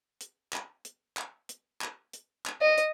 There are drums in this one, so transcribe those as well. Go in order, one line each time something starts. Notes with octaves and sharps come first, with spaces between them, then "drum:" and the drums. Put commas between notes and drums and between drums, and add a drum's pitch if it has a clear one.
drum: hi-hat
drum: clap
drum: hi-hat
drum: clap
drum: hi-hat
drum: clap
drum: hi-hat
drum: clap
D#5
drum: hi-hat